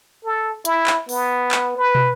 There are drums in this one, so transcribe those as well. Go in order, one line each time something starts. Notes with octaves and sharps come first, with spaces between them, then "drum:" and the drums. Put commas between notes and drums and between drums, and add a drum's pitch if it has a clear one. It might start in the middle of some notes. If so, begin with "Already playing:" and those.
A4
E4, drum: hi-hat
drum: clap
B3, drum: open hi-hat
drum: clap
B4
drum: tom